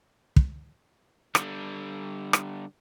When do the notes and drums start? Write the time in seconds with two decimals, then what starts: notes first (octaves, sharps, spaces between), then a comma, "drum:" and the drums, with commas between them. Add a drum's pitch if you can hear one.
0.36 drum: kick
1.35 D3 G3, drum: rim click
2.33 drum: rim click